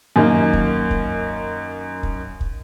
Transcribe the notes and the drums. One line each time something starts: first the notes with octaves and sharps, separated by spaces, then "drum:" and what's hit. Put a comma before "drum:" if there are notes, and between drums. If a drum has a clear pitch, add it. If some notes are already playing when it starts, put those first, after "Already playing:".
F#2 D#3 A#3 D#4
drum: kick
drum: kick
drum: kick
drum: kick